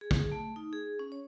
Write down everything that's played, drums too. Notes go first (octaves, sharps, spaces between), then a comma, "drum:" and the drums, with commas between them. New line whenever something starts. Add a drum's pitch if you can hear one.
G#4
drum: kick
A3
D#4
G#4
C#4
C#5